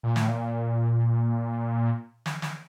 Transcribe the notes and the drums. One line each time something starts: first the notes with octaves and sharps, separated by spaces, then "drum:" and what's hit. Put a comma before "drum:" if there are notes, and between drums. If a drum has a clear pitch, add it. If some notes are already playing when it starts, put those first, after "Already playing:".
A#2
A2, drum: snare
A#2
drum: snare
drum: snare